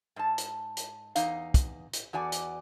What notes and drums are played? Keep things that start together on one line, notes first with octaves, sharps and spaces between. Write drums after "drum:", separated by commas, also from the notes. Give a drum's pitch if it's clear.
G#2 A5
drum: hi-hat
drum: hi-hat
E2 D#4 F5, drum: hi-hat
drum: kick, hi-hat
drum: hi-hat
E2 F#4 D5 G#5
drum: hi-hat